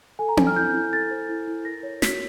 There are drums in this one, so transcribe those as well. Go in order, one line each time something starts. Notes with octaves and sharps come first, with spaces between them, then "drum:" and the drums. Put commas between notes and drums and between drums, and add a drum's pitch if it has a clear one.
A4 G#5
A#5
C5, drum: tom C4
F6
E4 G6
E4
A4 A6
C5
E4
E4
A#4 A#6
C#5
F#4 B6, drum: snare